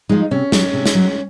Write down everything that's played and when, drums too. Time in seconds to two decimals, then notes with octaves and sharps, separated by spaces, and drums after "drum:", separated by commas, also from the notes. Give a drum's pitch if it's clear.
0.09 F3 G#3 D#4
0.31 C3 C#4
0.52 F#3, drum: snare
0.73 C3
0.86 drum: snare
0.95 F#3